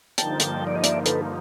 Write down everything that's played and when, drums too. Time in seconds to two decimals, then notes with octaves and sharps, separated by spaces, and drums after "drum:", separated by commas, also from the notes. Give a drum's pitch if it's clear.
0.18 G2 D3 F3 A#3 D#4 G5 A5, drum: hi-hat
0.40 drum: hi-hat
0.67 D5
0.75 D#5
0.84 D5 E5, drum: hi-hat
1.06 A4 B4, drum: hi-hat